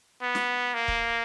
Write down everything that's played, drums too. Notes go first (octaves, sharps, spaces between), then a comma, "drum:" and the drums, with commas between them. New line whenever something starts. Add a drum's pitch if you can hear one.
B3
drum: snare
A#3
drum: kick